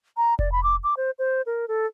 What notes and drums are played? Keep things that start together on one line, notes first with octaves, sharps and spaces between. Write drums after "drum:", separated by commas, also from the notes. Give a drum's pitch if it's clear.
A#5
D5, drum: kick F1
B5
D6
D6
C5
C5
A#4
A4